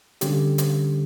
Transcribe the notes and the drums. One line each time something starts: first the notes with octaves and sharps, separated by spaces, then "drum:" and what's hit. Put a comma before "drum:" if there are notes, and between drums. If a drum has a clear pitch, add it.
D3 G3 C#4 G4, drum: hi-hat
drum: hi-hat